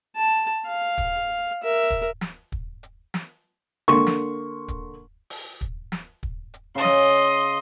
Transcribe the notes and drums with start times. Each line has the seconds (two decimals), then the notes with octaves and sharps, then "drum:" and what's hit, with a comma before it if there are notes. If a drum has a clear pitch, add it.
0.16 A5
0.67 F5
0.98 drum: kick, hi-hat
1.63 A#4 E5
1.90 drum: kick
2.21 drum: snare
2.52 drum: kick
2.83 drum: hi-hat
3.14 drum: snare
3.88 D3 A#3 C6 C#6
4.07 drum: snare
4.68 drum: kick, hi-hat
5.30 drum: open hi-hat
5.61 drum: kick
5.92 drum: snare
6.23 drum: kick
6.54 drum: hi-hat
6.75 C#3 D#5 C6
6.85 drum: snare
7.15 drum: hi-hat